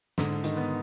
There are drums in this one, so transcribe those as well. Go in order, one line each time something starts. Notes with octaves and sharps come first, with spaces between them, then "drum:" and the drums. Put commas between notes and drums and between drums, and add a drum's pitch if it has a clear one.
G#2 D3, drum: snare
D#3, drum: hi-hat
B3